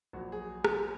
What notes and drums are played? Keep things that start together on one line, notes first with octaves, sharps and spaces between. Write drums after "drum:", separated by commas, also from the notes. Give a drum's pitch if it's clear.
A#1 A#2 F#3 F#4
G#4
drum: rim click